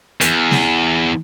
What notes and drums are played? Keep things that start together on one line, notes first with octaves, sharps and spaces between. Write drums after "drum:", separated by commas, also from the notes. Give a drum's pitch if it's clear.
E2, drum: hi-hat
drum: snare